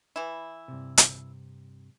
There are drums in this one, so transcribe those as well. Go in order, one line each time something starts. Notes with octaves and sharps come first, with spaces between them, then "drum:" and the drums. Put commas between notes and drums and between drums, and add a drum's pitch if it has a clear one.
E3 E4
G2 C3
drum: hi-hat